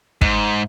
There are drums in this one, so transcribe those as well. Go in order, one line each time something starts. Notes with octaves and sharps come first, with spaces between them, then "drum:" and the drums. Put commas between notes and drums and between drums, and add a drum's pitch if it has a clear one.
G#2, drum: kick